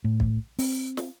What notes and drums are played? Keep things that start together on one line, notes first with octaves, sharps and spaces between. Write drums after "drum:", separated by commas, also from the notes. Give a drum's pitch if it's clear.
A2
drum: kick
C4, drum: open hi-hat
drum: snare